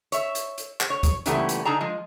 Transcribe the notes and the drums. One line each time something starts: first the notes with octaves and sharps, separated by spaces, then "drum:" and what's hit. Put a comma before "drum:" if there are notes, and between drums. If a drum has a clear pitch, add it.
C#5 E5, drum: hi-hat
drum: hi-hat
drum: hi-hat
drum: clap
C#5
drum: kick C#2, hi-hat
A#2 C#3 E3 G3 A3 B3, drum: hi-hat
drum: hi-hat
D3 D#4 G#4 A5 A#5
F3 G#3